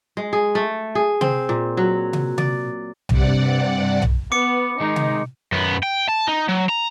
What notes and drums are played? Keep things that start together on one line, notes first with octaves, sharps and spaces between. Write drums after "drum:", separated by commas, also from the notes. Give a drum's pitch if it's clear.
G#3
G#4
A3
G#4
C4, drum: tom C3
A#2
F#3
drum: tom C3
D5, drum: tom C3
G2 C3 D5 F#5, drum: tom B1
drum: tom B1
B3 D6 C#7
D#3 G#3 D#4
drum: tom C3
F#2 B3
G5
A5
D#4
F#3
A#5